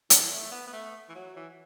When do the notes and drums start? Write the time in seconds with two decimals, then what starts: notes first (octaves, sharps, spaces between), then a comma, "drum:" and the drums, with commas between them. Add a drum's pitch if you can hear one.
0.10 E3, drum: hi-hat
0.31 A3
0.52 B3
0.67 B3
0.73 A3
1.09 E3
1.15 F#3
1.36 E3